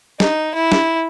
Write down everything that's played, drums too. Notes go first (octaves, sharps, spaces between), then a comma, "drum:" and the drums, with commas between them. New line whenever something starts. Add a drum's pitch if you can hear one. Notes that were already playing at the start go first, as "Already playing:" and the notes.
D#4, drum: snare
E4
drum: snare